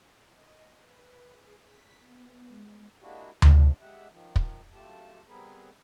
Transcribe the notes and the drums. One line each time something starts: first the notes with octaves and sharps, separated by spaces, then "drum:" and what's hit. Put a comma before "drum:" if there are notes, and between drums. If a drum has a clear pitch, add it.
D#5
B4
G#4
B6
B3
G#3
G#3 A#3 D4 E4 F#4 G4
G#2 C3 F3 G3 D4, drum: tom D2
G#3 G4 E5 F#5
D#3 F3
drum: kick
F#2 A3 F4 G4 A5
G3 B3 C4 G#4 A#4 B4